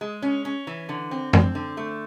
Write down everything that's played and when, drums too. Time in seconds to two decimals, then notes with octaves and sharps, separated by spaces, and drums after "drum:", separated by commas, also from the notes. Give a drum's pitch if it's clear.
0.01 G#3
0.22 C#4
0.45 C#4
0.67 E3
0.89 D3
1.11 C4
1.33 C4, drum: tom F#2
1.55 D3
1.77 A3